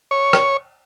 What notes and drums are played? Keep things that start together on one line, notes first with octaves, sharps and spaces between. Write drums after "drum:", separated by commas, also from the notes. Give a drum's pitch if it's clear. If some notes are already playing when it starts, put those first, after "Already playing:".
C#5
drum: rim click